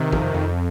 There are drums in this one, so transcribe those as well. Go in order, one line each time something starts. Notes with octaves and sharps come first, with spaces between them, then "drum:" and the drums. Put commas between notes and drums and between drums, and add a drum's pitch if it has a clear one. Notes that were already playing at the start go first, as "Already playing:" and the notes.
Already playing: C3 D#3
F2, drum: kick
F2